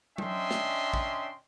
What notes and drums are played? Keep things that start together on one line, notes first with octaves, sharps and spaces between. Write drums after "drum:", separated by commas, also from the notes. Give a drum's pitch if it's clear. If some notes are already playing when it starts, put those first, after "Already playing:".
C#4 D4 D#5 E5 G5 C6, drum: tom F#3
drum: snare
drum: kick